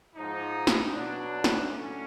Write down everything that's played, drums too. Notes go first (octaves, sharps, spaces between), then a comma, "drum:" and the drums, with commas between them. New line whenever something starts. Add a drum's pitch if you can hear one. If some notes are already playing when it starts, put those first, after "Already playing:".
G#2 F3 D#4
drum: snare
B2 F#3 D4
drum: snare
A2 F#3 C#4